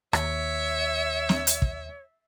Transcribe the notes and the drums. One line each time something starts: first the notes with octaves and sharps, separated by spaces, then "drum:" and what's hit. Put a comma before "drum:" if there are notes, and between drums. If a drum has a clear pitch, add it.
D#2 C#5 E5, drum: rim click
drum: snare
drum: hi-hat
drum: kick